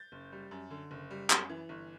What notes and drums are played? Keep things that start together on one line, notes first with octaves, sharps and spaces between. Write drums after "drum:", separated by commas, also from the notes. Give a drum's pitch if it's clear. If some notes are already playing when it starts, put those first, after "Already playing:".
Already playing: G6 A6
F#1
G3
F#2
D3
F#1
G3
F#2, drum: clap
E3
G1